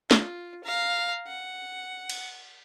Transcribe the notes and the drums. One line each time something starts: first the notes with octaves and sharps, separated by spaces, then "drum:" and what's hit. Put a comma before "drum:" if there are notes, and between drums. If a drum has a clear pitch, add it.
F4, drum: snare
F5 A#5
F#5
drum: cymbal